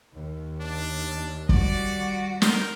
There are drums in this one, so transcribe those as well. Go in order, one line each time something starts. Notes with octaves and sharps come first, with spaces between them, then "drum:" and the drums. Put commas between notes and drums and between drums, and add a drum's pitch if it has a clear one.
D#2
D4
G3 F#4 D5, drum: kick
A#4 G6, drum: snare